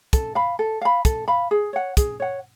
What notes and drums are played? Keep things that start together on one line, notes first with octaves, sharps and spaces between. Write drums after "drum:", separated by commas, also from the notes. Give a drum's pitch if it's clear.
A4, drum: kick, hi-hat
F5 B5
A4
F5 B5
A4, drum: kick, hi-hat
F5 B5
G#4
C#5 F#5
G#4, drum: kick, hi-hat
C#5 F#5